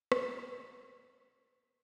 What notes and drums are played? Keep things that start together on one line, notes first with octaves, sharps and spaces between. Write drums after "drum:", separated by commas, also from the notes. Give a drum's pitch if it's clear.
G3 G#3 A#3 C4 D#4 G4, drum: rim click